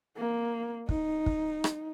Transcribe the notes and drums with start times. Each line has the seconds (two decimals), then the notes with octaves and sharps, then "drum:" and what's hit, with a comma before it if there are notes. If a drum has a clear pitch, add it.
0.17 A#3
0.89 D#4, drum: kick
1.26 drum: kick
1.64 drum: rim click